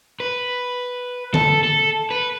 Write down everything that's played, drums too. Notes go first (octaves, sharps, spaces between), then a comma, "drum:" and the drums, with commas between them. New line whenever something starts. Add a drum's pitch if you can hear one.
B4
A4, drum: tom D3
A4
B4